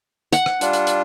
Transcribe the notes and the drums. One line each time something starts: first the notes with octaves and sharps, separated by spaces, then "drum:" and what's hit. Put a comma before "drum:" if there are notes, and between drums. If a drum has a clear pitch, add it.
F#5, drum: hi-hat
drum: rim click
G3 D4 F4, drum: hi-hat
drum: hi-hat
drum: hi-hat